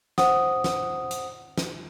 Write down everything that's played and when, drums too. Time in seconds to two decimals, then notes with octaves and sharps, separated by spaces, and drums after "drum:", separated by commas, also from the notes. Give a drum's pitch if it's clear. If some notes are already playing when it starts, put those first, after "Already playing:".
0.18 C5 F#5 D#6, drum: snare
0.64 drum: snare
1.11 drum: hi-hat
1.58 drum: snare